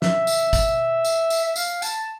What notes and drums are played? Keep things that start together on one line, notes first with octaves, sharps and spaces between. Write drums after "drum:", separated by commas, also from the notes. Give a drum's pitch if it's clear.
E5, drum: snare
drum: tambourine
drum: kick, tambourine
drum: tambourine
drum: tambourine
E5
F5, drum: tambourine
A5, drum: tambourine